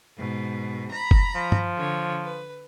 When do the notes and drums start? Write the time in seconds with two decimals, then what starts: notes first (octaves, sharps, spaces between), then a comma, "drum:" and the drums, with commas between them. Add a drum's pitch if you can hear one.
0.17 G#2 B2
0.91 A#5 B5
1.11 drum: kick
1.35 F3
1.52 drum: tom
1.76 D3 C#5
2.24 B4